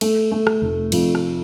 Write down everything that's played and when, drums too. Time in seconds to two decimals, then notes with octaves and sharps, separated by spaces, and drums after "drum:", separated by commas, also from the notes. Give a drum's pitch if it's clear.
0.01 A3, drum: cymbal
0.31 A3
0.47 drum: rim click
0.62 F1
0.92 F2, drum: cymbal
1.15 drum: rim click